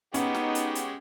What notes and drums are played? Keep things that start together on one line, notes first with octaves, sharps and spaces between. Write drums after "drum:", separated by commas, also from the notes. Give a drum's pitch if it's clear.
G#3 B3 C#4 D#4 F#4 G4, drum: hi-hat
drum: snare
drum: hi-hat
drum: hi-hat